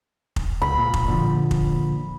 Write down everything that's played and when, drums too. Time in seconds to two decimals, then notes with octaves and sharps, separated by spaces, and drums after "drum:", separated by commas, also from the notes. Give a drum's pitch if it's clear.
0.36 drum: kick F1
0.62 C#2 B5
0.78 A#2
0.94 drum: kick F1
1.08 A#2 D3 F3
1.51 drum: kick F1